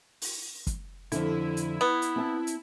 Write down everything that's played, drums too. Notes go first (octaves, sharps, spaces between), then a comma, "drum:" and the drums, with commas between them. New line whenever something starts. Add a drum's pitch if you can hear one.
drum: open hi-hat
drum: kick F#1, hi-hat
F2 D3 E4, drum: hi-hat
drum: hi-hat
B3
drum: hi-hat
C4 A5
drum: hi-hat